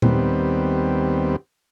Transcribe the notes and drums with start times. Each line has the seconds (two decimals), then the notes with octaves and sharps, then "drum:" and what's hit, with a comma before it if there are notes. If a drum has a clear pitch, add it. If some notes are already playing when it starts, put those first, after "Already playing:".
0.02 D#2 G3 B3 C4, drum: tom A#2